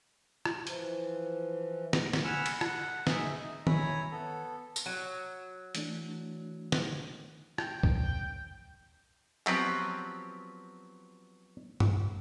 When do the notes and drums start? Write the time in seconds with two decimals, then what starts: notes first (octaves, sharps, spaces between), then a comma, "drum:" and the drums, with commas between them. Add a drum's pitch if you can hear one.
0.45 drum: rim click
0.67 E3 F3, drum: hi-hat
1.93 drum: snare
2.13 drum: snare
2.24 F#5 G#5 B5 E6 F6
2.46 drum: cymbal
2.61 F#5, drum: rim click
3.07 D#4 G#4 E5, drum: snare
3.32 D#4
3.67 E4 C#5 G#5 A#5 B5, drum: tom D#3
4.11 B3 A4
4.76 drum: tambourine
4.86 F#3
5.75 E3 A3 D4, drum: hi-hat
6.72 drum: snare
7.58 G5, drum: rim click
7.83 drum: kick
9.47 F3 F#3 B3 C4 G4 B4, drum: clap
11.80 drum: tom G2